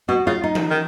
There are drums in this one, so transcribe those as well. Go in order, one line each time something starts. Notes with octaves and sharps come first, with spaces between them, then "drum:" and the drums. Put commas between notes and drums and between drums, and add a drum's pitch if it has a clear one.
B2 F#4
C#3 F4
D#4
drum: tom E3
D#3